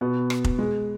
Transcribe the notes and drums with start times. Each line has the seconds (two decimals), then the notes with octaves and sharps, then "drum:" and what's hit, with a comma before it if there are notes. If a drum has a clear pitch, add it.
0.01 B2 B3
0.30 drum: rim click
0.44 drum: kick F1
0.59 G#3